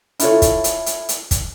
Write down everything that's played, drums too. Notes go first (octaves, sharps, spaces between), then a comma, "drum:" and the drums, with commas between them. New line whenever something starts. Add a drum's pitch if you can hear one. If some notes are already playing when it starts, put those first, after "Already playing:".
E4 F4 A4 C#5, drum: hi-hat
drum: kick, hi-hat
drum: hi-hat
drum: hi-hat
drum: hi-hat
drum: kick, hi-hat